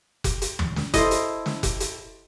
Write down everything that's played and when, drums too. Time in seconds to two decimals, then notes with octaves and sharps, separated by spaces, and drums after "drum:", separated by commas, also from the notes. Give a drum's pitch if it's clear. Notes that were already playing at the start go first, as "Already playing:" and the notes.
0.24 drum: kick F1, hi-hat
0.42 drum: hi-hat
0.59 drum: tom
0.76 drum: snare
0.94 E4 A4 C5 D#5, drum: kick F1, hi-hat
1.11 drum: hi-hat
1.46 drum: snare
1.63 drum: kick F1, hi-hat
1.80 drum: hi-hat